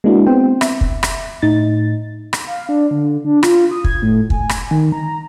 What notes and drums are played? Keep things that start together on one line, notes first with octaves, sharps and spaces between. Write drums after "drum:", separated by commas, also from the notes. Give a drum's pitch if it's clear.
G#3 A#3 D4 E4 F#4
B3 C4 C5 G5
E5, drum: rim click
drum: kick
drum: rim click
A2 D#4 A6
drum: rim click
F5
D4
D3
D4
F4, drum: rim click
D#6
G#6, drum: kick
A2
G#5, drum: kick
drum: rim click
D#3
A#5